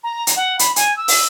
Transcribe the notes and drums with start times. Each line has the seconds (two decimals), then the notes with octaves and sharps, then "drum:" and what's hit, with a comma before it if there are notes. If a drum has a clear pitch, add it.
0.04 A#5
0.27 drum: hi-hat
0.36 F#5
0.59 B5, drum: hi-hat
0.76 G#5, drum: hi-hat
0.97 E6
1.08 drum: open hi-hat